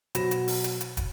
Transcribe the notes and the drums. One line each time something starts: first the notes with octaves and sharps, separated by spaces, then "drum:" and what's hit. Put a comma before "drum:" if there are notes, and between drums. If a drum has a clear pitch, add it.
B2 F#3 C5 B5 A#6 E7, drum: hi-hat
drum: hi-hat
drum: open hi-hat
drum: hi-hat
drum: hi-hat
drum: kick, hi-hat